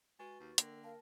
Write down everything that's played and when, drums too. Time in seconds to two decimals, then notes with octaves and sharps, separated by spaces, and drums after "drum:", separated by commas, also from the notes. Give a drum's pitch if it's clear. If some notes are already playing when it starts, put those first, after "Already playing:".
0.19 G#3 F#4 B4 C#6 A6
0.40 D#2
0.58 D3 A#3 A#4 G5 A#6, drum: hi-hat
0.84 A#4 F5 A5